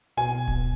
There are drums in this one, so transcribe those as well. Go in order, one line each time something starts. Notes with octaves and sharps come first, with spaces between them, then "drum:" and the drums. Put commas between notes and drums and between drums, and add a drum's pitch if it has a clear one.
B2 G#5
drum: kick D1